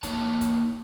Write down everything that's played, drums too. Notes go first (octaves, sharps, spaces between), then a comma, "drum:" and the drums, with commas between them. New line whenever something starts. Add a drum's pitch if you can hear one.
A#3 D#4 C#5 A5, drum: kick, hi-hat
drum: kick, hi-hat